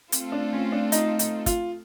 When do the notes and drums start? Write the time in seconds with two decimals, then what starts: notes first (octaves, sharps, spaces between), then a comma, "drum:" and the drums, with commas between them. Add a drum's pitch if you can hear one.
0.12 A3 C4 F4 A4, drum: hi-hat
0.32 D4
0.53 C#4
0.72 D4
0.92 D#4, drum: hi-hat
1.19 D#4, drum: hi-hat
1.46 F4, drum: kick, hi-hat